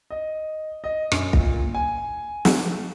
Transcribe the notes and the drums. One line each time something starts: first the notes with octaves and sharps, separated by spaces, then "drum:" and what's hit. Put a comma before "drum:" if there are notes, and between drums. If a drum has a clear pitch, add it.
D#5
D#5
F#2, drum: rim click
A#2, drum: kick
G#5
drum: snare